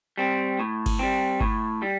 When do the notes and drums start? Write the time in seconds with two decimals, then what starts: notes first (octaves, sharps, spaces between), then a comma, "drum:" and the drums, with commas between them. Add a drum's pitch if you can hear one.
0.18 G3 C4
0.59 A2
0.86 drum: kick G1, cymbal
0.99 G3 C4
1.41 A2, drum: kick G1
1.82 G3